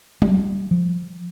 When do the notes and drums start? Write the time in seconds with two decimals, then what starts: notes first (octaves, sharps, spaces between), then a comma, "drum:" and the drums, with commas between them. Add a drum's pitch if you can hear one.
0.22 G3, drum: tom F#3
0.71 F3